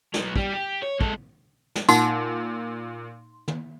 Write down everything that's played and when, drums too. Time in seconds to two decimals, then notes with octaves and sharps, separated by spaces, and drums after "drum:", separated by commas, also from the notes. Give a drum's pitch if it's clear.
0.14 F#3 B3, drum: snare
0.36 G3 G4, drum: kick
0.54 G4
0.83 C#5
1.01 G#3 A4, drum: kick
1.75 drum: snare
1.89 A#2 D#4 F#5 C6, drum: tambourine
3.48 drum: tom